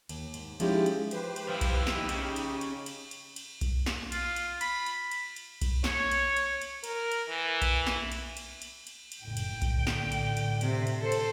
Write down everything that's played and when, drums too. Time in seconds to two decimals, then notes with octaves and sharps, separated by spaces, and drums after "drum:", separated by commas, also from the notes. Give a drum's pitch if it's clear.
0.09 D#2, drum: cymbal
0.34 G#2, drum: cymbal
0.60 F3 G#3 C#4 D#4 E4 G4, drum: cymbal
0.86 drum: cymbal
1.11 G4 B4 C5, drum: cymbal
1.36 drum: cymbal
1.49 F3 E4
1.61 drum: kick B1, cymbal
1.87 D#4 G4, drum: snare
2.09 C#3, drum: cymbal
2.36 drum: cymbal
2.61 drum: cymbal
2.86 drum: cymbal
3.11 drum: cymbal
3.36 drum: cymbal
3.61 drum: kick B1, cymbal
3.86 drum: snare
4.12 F4, drum: cymbal
4.36 drum: cymbal
4.61 B5, drum: cymbal
4.86 drum: cymbal
5.11 drum: cymbal
5.36 drum: cymbal
5.62 drum: kick B1, cymbal
5.84 C#5, drum: snare
6.12 drum: cymbal
6.37 drum: cymbal
6.62 drum: cymbal
6.84 A#4, drum: cymbal
7.12 drum: cymbal
7.29 E3
7.62 drum: kick B1, cymbal
7.87 drum: snare
8.12 drum: cymbal
8.37 drum: cymbal
8.62 drum: cymbal
8.87 drum: cymbal
9.12 drum: cymbal
9.22 F#1 A2 G5
9.37 drum: cymbal
9.62 drum: kick B1, cymbal
9.74 A2 D3
9.87 drum: snare
10.12 drum: cymbal
10.37 drum: cymbal
10.61 C3, drum: cymbal
10.87 drum: cymbal
11.00 A4 C5
11.12 drum: cymbal